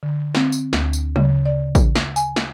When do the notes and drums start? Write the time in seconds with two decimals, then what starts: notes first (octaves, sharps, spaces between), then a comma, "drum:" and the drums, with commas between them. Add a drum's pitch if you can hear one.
0.03 D3
0.35 C4, drum: snare
0.52 drum: tambourine
0.73 D2, drum: snare
0.93 drum: tambourine
1.16 C#3, drum: tom F#3
1.46 D5
1.75 drum: kick A1, tambourine
1.95 drum: snare
2.16 G#5, drum: tambourine
2.36 drum: snare